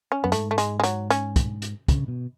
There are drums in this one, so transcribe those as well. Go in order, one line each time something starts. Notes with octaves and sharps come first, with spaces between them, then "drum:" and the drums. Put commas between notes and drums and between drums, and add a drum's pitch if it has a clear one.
C#4
F#2 B3
G#2 A3, drum: hi-hat
A3
G#3, drum: hi-hat
G#3
F#3, drum: hi-hat
C#4, drum: hi-hat
drum: kick, hi-hat
drum: hi-hat
C#3, drum: kick, hi-hat
B2